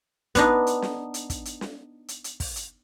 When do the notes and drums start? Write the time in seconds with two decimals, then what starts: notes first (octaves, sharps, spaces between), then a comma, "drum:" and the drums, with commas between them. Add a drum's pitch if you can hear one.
0.35 B3 D4 D#4, drum: kick, hi-hat
0.67 drum: hi-hat
0.82 drum: snare
1.14 drum: hi-hat
1.30 drum: kick, hi-hat
1.45 drum: hi-hat
1.61 drum: snare
2.08 drum: hi-hat
2.24 drum: hi-hat
2.40 drum: kick, open hi-hat
2.56 drum: hi-hat